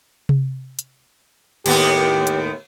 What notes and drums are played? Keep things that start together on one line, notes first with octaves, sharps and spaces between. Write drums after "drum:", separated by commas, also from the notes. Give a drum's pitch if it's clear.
drum: tom C3
drum: hi-hat
D#2 A2 B3 G4, drum: cymbal
drum: hi-hat